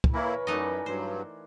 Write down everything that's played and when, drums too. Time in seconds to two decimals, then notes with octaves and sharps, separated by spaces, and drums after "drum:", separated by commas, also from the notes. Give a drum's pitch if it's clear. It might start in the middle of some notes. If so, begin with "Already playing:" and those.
0.04 drum: kick
0.14 E3 A#3 E4 A#4 B4 C#5
0.47 F#2 A3 D#4 D5 D#5 F#5 G#5
0.86 G2 F#3 C5